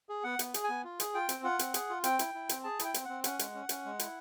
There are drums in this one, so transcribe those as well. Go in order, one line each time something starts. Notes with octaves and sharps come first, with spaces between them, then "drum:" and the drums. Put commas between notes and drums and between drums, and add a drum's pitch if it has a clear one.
G#4
B3 F#5
B3, drum: hi-hat
G#4, drum: hi-hat
G#5
B3
F4
G#4, drum: hi-hat
F4 G5
C4, drum: hi-hat
F4 F#5
C4, drum: hi-hat
G#4, drum: hi-hat
F4
C4 G5, drum: hi-hat
E4, drum: hi-hat
E4
C4, drum: hi-hat
G#4 A5
E4 G5, drum: hi-hat
C4, drum: hi-hat
C4 F#5
C#4 F#5, drum: hi-hat
G#3, drum: hi-hat
C#4
C#4, drum: hi-hat
G#3
E4, drum: hi-hat